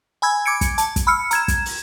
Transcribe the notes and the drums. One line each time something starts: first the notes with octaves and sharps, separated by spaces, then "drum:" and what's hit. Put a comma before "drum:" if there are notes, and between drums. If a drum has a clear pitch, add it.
G#5 B5 E6 G#6
D6 G#6 C#7 D7
drum: kick, hi-hat
A5, drum: hi-hat
drum: kick, hi-hat
B5 E6 F6 C#7
A#5 G#6 E7, drum: hi-hat
drum: kick, hi-hat
drum: open hi-hat